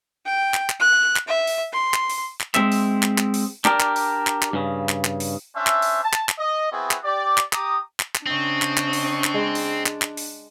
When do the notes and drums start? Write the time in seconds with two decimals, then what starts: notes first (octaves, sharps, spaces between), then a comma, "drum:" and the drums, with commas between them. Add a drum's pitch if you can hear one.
0.26 G5
0.54 drum: clap
0.70 drum: clap
0.80 F#6
1.16 drum: clap
1.28 E5
1.47 drum: open hi-hat
1.73 C6
1.94 drum: clap
2.10 drum: open hi-hat
2.41 drum: clap
2.55 G#3 C4 E5, drum: clap
2.72 drum: open hi-hat
3.03 drum: clap
3.18 drum: clap
3.34 drum: open hi-hat
3.65 D4 G4 A#4 D5, drum: clap
3.80 drum: clap
3.96 drum: open hi-hat
4.27 drum: clap
4.43 drum: clap
4.53 G2 C#3
4.89 drum: clap
5.05 drum: clap
5.20 drum: open hi-hat
5.55 C#4 D4 C5 E5
5.67 drum: clap
5.82 drum: open hi-hat
6.03 A5
6.13 drum: clap
6.29 drum: clap
6.38 D#5
6.71 B3 C4 E4 F#4 G#4
6.91 drum: clap
7.04 G4 D5
7.38 drum: clap
7.53 G4 A#5 D6 D#6, drum: clap
8.00 drum: clap
8.15 drum: clap
8.26 C#3 C4 D4 D#5 C#6
8.62 drum: clap
8.78 drum: clap
8.93 drum: open hi-hat
9.24 drum: clap
9.34 G#3
9.55 drum: open hi-hat
9.86 drum: clap
10.02 drum: clap
10.17 drum: open hi-hat